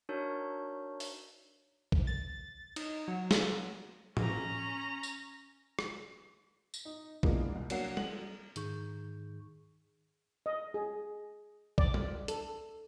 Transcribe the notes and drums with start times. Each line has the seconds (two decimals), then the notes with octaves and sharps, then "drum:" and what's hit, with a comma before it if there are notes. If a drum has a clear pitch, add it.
0.09 D4 D#4 F#4 A#4 C#5 G6
1.00 drum: open hi-hat
1.92 drum: kick
2.07 A6
2.76 D#4, drum: cymbal
3.08 F#3
3.31 drum: snare
4.17 C#4 A#5, drum: tom A2
5.03 drum: tambourine
5.79 drum: rim click
6.74 drum: tambourine
6.85 D#4
7.23 E3 F3 G#3 A#3 B3 D4, drum: kick
7.55 C2
7.70 F#3 A#3 D4 F#5 C7, drum: cymbal
7.97 F#7, drum: tom G3
8.56 G#2 D#3 D#4 G#4 C#6 G6, drum: hi-hat
10.46 D#5
10.74 G#4
11.78 D5, drum: kick
11.94 drum: tom G3
12.28 A4, drum: hi-hat